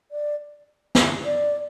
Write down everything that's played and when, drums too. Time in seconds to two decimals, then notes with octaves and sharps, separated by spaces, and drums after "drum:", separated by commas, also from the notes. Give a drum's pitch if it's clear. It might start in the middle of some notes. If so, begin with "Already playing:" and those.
0.11 D5
0.95 drum: snare
1.25 D5